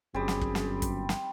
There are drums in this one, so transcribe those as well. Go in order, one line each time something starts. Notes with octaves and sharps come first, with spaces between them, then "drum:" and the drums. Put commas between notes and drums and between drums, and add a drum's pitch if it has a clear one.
G1 F#2 G3 C4 G#4
drum: snare
drum: kick
drum: snare
drum: kick, hi-hat
drum: snare